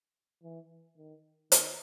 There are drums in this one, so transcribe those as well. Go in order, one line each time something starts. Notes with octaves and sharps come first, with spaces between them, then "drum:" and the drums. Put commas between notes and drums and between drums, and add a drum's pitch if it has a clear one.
E3
D#3
D#3, drum: hi-hat